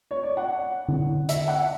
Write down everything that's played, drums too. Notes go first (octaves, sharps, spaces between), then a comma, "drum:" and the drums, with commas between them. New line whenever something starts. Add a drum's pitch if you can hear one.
C#5
D5
F#5
drum: tom D3
E5, drum: hi-hat
F#5